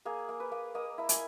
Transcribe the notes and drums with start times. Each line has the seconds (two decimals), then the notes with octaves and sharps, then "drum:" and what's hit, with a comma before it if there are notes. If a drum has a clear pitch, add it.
0.05 A#3 G#4
0.29 A#3
0.40 B4
0.52 A#3
0.75 A#3 D#5
0.98 E4 A#5
1.09 G#5, drum: hi-hat